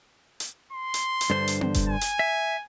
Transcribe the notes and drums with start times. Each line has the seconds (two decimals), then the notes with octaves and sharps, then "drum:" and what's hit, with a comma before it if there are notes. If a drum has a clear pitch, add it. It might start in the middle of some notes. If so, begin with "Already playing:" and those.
0.40 drum: hi-hat
0.73 C6
0.94 drum: hi-hat
1.21 drum: hi-hat
1.30 G2 D3 C5
1.48 drum: hi-hat
1.61 drum: tom B3
1.74 drum: kick F1, hi-hat
1.88 G#5
2.01 drum: hi-hat
2.19 E5